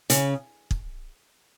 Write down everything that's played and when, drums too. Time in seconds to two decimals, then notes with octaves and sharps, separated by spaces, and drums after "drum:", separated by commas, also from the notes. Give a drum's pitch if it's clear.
0.10 C#3, drum: hi-hat
0.71 drum: kick